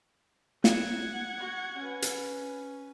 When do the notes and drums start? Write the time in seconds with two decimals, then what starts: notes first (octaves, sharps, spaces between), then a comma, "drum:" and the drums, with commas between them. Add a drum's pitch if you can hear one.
0.64 F#5 G#6, drum: snare
1.38 F#4
1.78 C#4 B4
2.02 drum: hi-hat